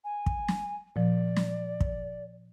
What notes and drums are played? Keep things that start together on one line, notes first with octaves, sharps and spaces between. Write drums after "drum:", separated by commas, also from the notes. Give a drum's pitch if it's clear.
G#5
drum: kick
drum: snare
A#2 F3 D5
drum: snare
drum: kick